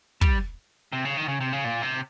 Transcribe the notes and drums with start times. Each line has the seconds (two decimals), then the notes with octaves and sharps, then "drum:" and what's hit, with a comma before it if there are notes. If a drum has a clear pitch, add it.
0.21 G3, drum: kick
0.92 C3
1.05 C#3
1.17 D#3
1.28 C#3
1.41 C3
1.53 C#3
1.64 A#2
1.82 C3